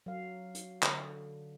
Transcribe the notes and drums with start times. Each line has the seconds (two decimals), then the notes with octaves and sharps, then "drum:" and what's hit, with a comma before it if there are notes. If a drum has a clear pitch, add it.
0.06 F#3 F5
0.55 drum: hi-hat
0.83 D3, drum: clap